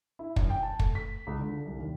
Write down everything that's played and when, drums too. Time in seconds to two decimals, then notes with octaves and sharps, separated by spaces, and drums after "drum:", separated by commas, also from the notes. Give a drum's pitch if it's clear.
0.19 E4
0.36 F#2, drum: kick
0.50 G5
0.63 A5
0.79 A3, drum: kick
0.95 B6
1.27 C#2
1.39 D3
1.65 C2
1.79 D#2